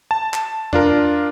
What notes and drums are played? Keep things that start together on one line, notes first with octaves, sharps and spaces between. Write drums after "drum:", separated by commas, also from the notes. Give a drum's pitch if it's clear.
A5
drum: clap
D4 F4 A#4, drum: tom E2